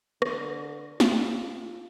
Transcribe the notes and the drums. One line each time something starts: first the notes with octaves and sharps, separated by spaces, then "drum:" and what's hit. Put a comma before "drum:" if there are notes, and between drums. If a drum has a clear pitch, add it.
D3, drum: rim click
F4, drum: snare